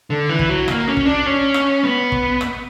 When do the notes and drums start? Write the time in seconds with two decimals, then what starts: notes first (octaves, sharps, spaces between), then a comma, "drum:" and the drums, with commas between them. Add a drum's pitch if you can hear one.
0.10 D3
0.29 E3
0.39 drum: kick
0.49 F#3
0.68 A#3, drum: rim click
0.88 C#4
0.97 drum: kick
1.06 D4
1.26 C#4
1.54 drum: rim click
1.83 B3
2.12 drum: kick
2.41 drum: rim click